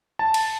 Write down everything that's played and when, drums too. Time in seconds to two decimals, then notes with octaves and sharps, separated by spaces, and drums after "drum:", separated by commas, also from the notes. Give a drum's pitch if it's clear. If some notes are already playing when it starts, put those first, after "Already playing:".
0.19 A5
0.34 drum: cymbal